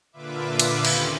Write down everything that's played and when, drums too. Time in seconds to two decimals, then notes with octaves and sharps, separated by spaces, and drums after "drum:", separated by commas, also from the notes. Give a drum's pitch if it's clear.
0.13 A#2 D3 F4 B4 E5 D6
0.59 drum: cymbal
0.85 D#2 C4 C#4 G4 F5 D#7, drum: cymbal